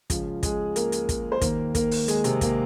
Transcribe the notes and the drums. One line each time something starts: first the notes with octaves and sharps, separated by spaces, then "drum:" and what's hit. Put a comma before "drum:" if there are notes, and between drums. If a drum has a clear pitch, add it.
C#2 C#3 F3, drum: kick, hi-hat
G#3 G#4, drum: kick, hi-hat
A#3 A#4, drum: hi-hat
drum: hi-hat
drum: kick, hi-hat
C5
D#2 D#3 A#3 A#4, drum: kick, hi-hat
A#3 A#4, drum: kick, hi-hat
drum: open hi-hat
G#3 G#4, drum: hi-hat
C3 C4, drum: hi-hat
A#3, drum: kick, hi-hat